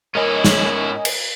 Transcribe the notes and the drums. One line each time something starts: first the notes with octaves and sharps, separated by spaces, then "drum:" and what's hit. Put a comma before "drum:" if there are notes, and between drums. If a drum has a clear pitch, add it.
G#2 C#4 E4 A#4 C#5 D#5 G#5
drum: snare
drum: cymbal